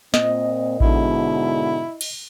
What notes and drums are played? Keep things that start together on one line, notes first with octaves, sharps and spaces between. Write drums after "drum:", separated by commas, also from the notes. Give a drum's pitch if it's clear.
A#2 C4 D#5, drum: snare
G#2 B2 D3 E4, drum: kick A1
drum: cymbal